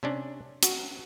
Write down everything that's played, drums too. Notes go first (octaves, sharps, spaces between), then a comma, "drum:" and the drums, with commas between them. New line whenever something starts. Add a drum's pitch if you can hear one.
C3 C#4 D4
F#4, drum: hi-hat